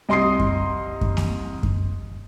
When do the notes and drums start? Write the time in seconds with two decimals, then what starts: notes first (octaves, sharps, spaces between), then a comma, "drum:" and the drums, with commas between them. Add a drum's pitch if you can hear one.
0.09 C2 D#5 C6 D#6 C7
0.39 drum: kick F#2
1.01 drum: kick F#2
1.17 drum: snare A#3
1.63 drum: kick F#2